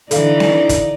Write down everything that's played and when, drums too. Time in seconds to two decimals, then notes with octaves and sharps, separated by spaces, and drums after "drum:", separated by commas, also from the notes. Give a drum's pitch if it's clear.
0.11 D3 E3 D#4 A4 D5 F5, drum: hi-hat
0.40 drum: snare C4
0.69 drum: kick, hi-hat